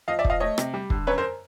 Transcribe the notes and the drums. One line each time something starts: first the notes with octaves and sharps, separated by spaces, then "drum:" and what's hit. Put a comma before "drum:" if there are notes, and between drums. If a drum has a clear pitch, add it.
F3 D#5 F5
D5 E5
F3, drum: kick
D#5 F5
A3 C#5 D#5
C3, drum: rim click
G3
D3, drum: kick
F#2 B4 C#5
A#4 C5